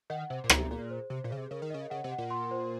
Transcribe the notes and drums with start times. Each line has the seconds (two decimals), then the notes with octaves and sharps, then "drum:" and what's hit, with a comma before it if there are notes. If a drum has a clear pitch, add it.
0.10 D#3 F#5
0.30 C3 C5
0.44 A#2
0.49 A#5, drum: rim click
0.57 C3
0.70 A#2 G#4
0.90 C5
1.10 C3 C5
1.24 A#2
1.31 C#3 G#4
1.37 C3
1.51 C#3 A#4
1.62 D#3
1.70 C#3 D#5
1.90 C#3 F#5
2.04 C3
2.12 F#5
2.18 A#2
2.31 C6
2.51 C5